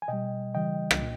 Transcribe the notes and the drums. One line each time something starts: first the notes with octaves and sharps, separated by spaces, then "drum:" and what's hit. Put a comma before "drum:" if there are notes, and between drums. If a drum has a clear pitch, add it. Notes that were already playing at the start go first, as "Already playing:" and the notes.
G#5
B2 G3 D#5 G5
C#3 E3 G3 D#5 G5
drum: rim click
A#2